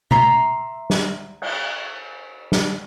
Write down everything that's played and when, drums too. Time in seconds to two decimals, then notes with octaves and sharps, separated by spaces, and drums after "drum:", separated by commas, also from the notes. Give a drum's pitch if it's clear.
0.11 E5 A#5 C6, drum: tom
0.90 drum: snare
1.42 drum: cymbal
2.52 drum: snare